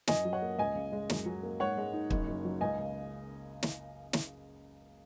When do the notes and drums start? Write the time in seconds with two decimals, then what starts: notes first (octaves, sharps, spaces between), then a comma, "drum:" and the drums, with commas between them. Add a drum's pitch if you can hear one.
0.07 F#2 D#5 G#5, drum: snare
0.25 F#3
0.33 C#5 F#5
0.42 A#3
0.58 C#2 D#5 G#5
0.75 C#3
0.92 G#3
1.10 F#2, drum: snare
1.26 F#3
1.43 A#3
1.60 G#2 C#5 F#5
1.78 G#3
1.93 D#4
2.10 F#1, drum: kick
2.28 F#2
2.45 F#3
2.61 C#2 D#5 G#5
2.78 C#3
3.63 drum: snare
4.13 drum: snare